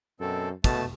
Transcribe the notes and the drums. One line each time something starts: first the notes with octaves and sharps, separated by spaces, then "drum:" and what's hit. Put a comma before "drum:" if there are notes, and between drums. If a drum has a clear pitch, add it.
F#2 B2 C4 A4
B2 A3 A5, drum: kick, hi-hat